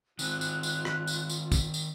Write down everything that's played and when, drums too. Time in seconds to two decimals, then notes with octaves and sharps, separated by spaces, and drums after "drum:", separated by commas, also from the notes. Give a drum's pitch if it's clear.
0.19 D#3 C4 F4 F#6, drum: tambourine
0.41 drum: tambourine
0.63 drum: tambourine
0.85 drum: rim click
1.07 drum: tambourine
1.30 drum: tambourine
1.52 drum: kick, tambourine
1.74 drum: tambourine